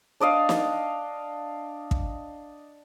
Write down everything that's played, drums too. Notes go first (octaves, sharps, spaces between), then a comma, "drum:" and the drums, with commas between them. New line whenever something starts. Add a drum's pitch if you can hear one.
D4 D5 D#5 F5
drum: snare
drum: kick